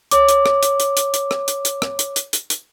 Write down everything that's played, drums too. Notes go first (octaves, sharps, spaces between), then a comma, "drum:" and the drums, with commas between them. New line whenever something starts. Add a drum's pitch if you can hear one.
C#5 D6, drum: hi-hat
drum: hi-hat
drum: rim click
drum: hi-hat
drum: hi-hat
drum: hi-hat
drum: hi-hat
drum: rim click
drum: hi-hat
drum: hi-hat
drum: rim click
drum: hi-hat
drum: hi-hat
drum: hi-hat
drum: hi-hat